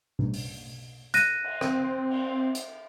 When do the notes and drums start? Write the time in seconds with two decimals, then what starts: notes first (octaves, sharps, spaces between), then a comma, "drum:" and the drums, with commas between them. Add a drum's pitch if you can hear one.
0.19 drum: tom B2
0.34 drum: open hi-hat
1.14 F#6 A#6 D#7, drum: hi-hat
1.44 drum: cymbal
1.61 C4, drum: rim click
2.10 drum: cymbal
2.55 drum: hi-hat